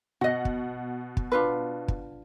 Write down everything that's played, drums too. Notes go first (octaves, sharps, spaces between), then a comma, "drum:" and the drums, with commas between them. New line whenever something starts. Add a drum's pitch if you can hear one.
B2 F#4 D#5 F#5
drum: kick
drum: kick
D4 F4 B4
drum: kick